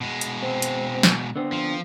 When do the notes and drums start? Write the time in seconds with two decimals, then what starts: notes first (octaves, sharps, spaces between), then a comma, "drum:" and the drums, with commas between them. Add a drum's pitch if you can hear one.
0.01 B2 G#3
0.21 drum: hi-hat
0.43 C4
0.62 drum: hi-hat
1.03 drum: snare
1.36 D3 B3 C4
1.52 F3